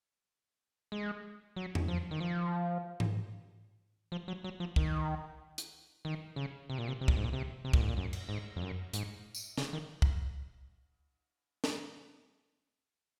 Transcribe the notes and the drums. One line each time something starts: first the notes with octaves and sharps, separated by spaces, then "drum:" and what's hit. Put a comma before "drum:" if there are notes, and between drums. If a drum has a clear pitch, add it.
G#3
F#3
drum: tom E2
F3
D#3
F3
drum: tom G#2
F3
F#3
F#3
F3
D#3, drum: kick
drum: hi-hat
D#3
C#3
C3
A#2
C3
C3
A#2, drum: kick
G#2
A#2
C3
C3
A#2, drum: kick
G#2
A#2
F#2
drum: cymbal
G#2
F2
F#2
G#2, drum: hi-hat
drum: tambourine
C#3, drum: snare
D#3
drum: kick
drum: snare